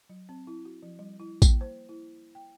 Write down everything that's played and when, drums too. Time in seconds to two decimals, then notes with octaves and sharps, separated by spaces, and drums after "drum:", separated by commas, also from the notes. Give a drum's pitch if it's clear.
0.09 F#3
0.29 C4
0.47 E4
0.65 F#4
0.82 F3
0.99 G3
1.20 E4
1.42 A#3, drum: kick A1, tambourine
1.61 C5
1.89 E4
2.35 G5